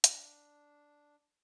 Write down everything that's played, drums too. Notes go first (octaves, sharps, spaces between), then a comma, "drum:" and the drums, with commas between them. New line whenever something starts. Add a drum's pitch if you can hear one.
D4, drum: hi-hat